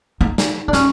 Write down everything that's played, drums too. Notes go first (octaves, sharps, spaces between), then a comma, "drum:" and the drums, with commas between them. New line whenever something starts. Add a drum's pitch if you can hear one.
D#4
drum: snare
D4
C#4, drum: snare